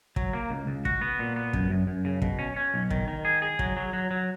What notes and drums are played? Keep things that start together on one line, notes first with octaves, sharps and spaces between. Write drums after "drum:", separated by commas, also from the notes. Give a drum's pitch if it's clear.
F#3, drum: kick
A#3
C#2
C#2
F#4, drum: kick
B3
A#2
B3
F#2, drum: kick
F#2
F#2
C#3
B2, drum: kick
C#4
C#4
B1
D#3, drum: kick
D#3
G#4
G#4
F#3, drum: kick
F#3
F#3
F#3